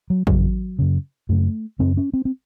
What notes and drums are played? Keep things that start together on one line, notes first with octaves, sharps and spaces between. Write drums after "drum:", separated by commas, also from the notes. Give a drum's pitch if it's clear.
F#3
F#2 C#3 F#3, drum: kick
F#2 C#3
F#2 C#3 A3
F#2 C#3 C4
C#4
C4
C4